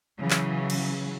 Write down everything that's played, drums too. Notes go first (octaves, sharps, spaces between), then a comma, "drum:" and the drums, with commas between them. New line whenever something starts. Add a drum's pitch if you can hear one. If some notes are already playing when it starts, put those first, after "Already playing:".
C#3 E3 F#3
drum: clap
drum: cymbal